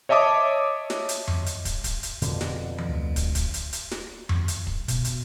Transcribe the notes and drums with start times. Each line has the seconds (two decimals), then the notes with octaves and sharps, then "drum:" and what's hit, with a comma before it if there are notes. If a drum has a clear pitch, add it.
0.09 C#5 D#5 E5 A5 D6 D#6
0.90 drum: snare
1.09 drum: hi-hat
1.28 drum: tom F2
1.46 drum: hi-hat
1.65 drum: kick, hi-hat
1.84 drum: kick, hi-hat
2.03 drum: hi-hat
2.22 F2 B2 D3, drum: hi-hat
2.41 drum: snare
2.78 drum: tom E3
2.89 D2
3.16 drum: kick, hi-hat
3.35 drum: kick, hi-hat
3.54 drum: hi-hat
3.73 drum: hi-hat
3.91 drum: snare
4.29 drum: tom F2
4.48 drum: hi-hat
4.67 drum: kick
4.88 B2, drum: kick, hi-hat
5.05 drum: hi-hat